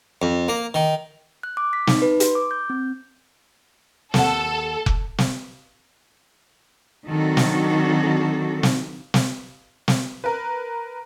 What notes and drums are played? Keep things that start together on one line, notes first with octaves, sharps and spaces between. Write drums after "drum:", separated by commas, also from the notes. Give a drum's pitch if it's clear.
F2
A#3
D#3
F#6
D6
B6
D#4, drum: snare
B4
C6, drum: hi-hat
D6
G6
C4
D#2 A4 F#5, drum: snare
drum: kick F1
drum: snare
D#3 F#3 C4 D4 F#4 A4
drum: snare
drum: snare
drum: snare
drum: snare
A#4 B4